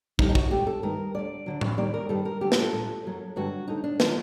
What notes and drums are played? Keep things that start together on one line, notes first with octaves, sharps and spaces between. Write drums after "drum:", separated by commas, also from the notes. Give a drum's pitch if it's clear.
D2 D3 G3 D#4, drum: kick
D#4
F#4, drum: kick
A#2 A3 G4
A4
G2 D#3 A3 A#4
D2 D3 A3 D5
D2 D3 F#3
drum: tom A2
D#2 D#3 G3 A#3 D5
A#4
G2 D#3 G3 A#3 A4
A#4
D2 D3 F#3 A3 G4
F#4, drum: snare
A4
A#2 A3
F#2 F#3 A#3
G2 D3 F#3 A3 F#4
D2 D3 A3 D#4
D4
D#3 F#3 A3 A#3, drum: snare